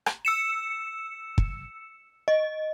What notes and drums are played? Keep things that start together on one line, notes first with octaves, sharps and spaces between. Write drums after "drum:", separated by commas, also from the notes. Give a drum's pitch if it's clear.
drum: rim click
E6 C#7 E7
drum: kick
D#5